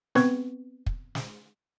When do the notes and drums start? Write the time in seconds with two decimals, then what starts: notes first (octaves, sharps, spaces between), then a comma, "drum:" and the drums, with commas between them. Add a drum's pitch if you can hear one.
0.15 B3 C4 B4 C#6 G#6, drum: snare
0.86 drum: kick
1.15 drum: snare